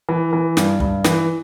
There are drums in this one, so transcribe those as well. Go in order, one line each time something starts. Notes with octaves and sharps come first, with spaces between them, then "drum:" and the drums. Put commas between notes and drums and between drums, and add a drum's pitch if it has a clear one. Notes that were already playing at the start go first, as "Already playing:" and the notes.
E3
E3
G2, drum: snare
G2, drum: kick
E3, drum: snare